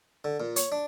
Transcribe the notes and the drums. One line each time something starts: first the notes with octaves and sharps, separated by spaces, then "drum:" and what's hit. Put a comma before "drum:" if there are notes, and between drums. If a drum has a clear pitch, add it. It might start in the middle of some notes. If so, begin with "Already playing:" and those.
D3
A#2
C#5, drum: hi-hat
D4